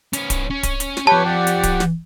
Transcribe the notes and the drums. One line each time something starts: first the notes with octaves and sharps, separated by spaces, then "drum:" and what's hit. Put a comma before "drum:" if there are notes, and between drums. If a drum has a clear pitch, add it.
B3 C#4, drum: hi-hat
drum: kick D1, hi-hat
C#4
drum: kick D1, hi-hat
drum: hi-hat
drum: snare
F3 G4 B4 C#5 G5 A5
G4 D5 F#5
drum: hi-hat
drum: kick D1, hi-hat
drum: snare